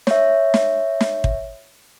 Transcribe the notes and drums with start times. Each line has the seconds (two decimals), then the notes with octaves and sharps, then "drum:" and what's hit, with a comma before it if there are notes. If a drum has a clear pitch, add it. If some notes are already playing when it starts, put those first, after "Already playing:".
0.07 C#5 E5, drum: snare
0.54 drum: snare
1.01 drum: snare
1.24 drum: kick